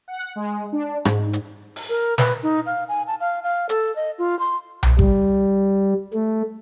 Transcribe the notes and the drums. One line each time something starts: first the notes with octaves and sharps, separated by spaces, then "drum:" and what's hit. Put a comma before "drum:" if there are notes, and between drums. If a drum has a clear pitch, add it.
F#5
G#3
D4
G#2, drum: rim click
drum: hi-hat
drum: open hi-hat
A#4
B4, drum: snare
D#4
F5
G#5
A5
F5
F5
A4, drum: hi-hat
D#5
F4
C6
drum: tom B1
G3, drum: kick G#1
A3